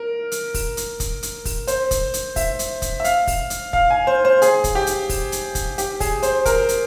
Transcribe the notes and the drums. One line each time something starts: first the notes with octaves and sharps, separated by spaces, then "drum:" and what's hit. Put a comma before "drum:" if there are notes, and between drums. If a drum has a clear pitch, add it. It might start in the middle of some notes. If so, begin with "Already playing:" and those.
Already playing: A#4
drum: hi-hat
drum: kick, open hi-hat
drum: hi-hat
drum: kick, hi-hat
drum: hi-hat
drum: kick, open hi-hat
C5, drum: hi-hat
drum: kick, hi-hat
drum: hi-hat
E5, drum: kick, open hi-hat
drum: hi-hat
drum: kick, hi-hat
E5
F5, drum: hi-hat
drum: kick, open hi-hat
drum: hi-hat
F5, drum: kick
G#5
C5
C5
G#4, drum: hi-hat
drum: kick, hi-hat
G4
drum: hi-hat
drum: kick, open hi-hat
drum: hi-hat
drum: kick, hi-hat
G4, drum: hi-hat
G#4, drum: kick, open hi-hat
C5, drum: hi-hat
A#4, drum: kick, hi-hat
drum: hi-hat